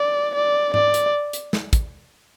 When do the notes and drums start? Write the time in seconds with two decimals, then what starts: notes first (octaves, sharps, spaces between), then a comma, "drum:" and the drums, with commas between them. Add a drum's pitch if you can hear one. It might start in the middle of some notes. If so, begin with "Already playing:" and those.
Already playing: D5
0.35 D5
0.74 D5, drum: tom G#2
0.94 drum: hi-hat
1.33 drum: hi-hat
1.53 drum: snare
1.73 drum: kick, hi-hat